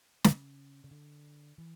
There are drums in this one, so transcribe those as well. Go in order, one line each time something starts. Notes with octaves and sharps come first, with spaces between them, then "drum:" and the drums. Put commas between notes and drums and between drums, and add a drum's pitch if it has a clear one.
C#3, drum: snare
C#3
D3
E3